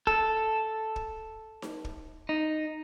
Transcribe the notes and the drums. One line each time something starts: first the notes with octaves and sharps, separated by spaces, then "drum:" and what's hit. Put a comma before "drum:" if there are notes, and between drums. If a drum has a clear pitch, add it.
A4, drum: kick
drum: kick
drum: snare D#4
drum: kick
D#4